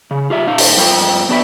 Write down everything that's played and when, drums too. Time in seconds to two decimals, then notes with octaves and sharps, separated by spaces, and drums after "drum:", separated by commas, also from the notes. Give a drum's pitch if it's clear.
0.11 C#3
0.30 F4 G4 E5
0.47 A#2 D#4 F5
0.58 drum: open hi-hat
0.77 G2 F3 F4 C5 G5
1.29 B3 D4 F#4 B4 E5 G5